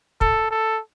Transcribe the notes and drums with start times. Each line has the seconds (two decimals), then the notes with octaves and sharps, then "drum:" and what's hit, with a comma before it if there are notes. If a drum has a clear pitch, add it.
0.21 A4, drum: kick
0.51 A4